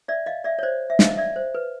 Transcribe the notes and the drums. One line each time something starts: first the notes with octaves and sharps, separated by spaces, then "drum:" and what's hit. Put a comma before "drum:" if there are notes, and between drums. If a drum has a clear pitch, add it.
D5 E5
D#5 F5
D5 E5
C#5
C5 D5
E5
D#5 F5, drum: snare
D5 E5
C5
B4